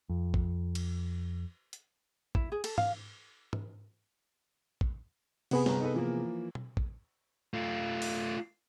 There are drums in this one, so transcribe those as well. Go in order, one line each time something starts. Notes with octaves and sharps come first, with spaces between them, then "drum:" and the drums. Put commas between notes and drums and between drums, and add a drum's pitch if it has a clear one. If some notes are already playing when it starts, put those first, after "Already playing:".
F2
drum: kick A1
drum: cymbal
drum: hi-hat
E4, drum: kick A1
G#4
A4, drum: cymbal
F5, drum: tom G#2
drum: tom G#2
drum: kick A1
C3 B3 G#4 F#5 B5, drum: cymbal
G1 A#5, drum: snare
D#4 A4 B4
E3 F3 A#3
drum: tom B2
drum: kick A1
A3 F4
drum: open hi-hat